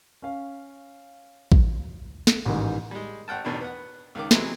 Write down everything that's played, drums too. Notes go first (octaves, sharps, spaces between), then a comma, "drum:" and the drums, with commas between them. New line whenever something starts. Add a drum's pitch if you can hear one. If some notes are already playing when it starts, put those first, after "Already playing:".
C#4 F5
drum: kick
drum: snare
A1 G#2 D#3 E3
G3 G#3
A1 F#5 G5 A5
A1 E2 B2 D#3 D4
B3 F#5
C#2 D#3 D6
C3 E3 F#3 G#3 B3 C4, drum: snare